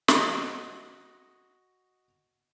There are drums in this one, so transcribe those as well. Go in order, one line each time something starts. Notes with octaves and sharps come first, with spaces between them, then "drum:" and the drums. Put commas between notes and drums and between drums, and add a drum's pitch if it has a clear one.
F#4 D#5, drum: snare